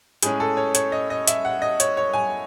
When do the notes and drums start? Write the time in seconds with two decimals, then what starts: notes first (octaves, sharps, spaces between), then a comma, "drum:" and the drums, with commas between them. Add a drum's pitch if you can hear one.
0.22 A2 G#3 C#4 G#4, drum: hi-hat
0.40 A4
0.57 C#5
0.75 C#5, drum: hi-hat
0.92 D#5
1.10 D#5
1.28 E5, drum: hi-hat
1.45 F#5
1.62 D#5
1.80 C#5, drum: hi-hat
1.97 C#5
2.14 G#5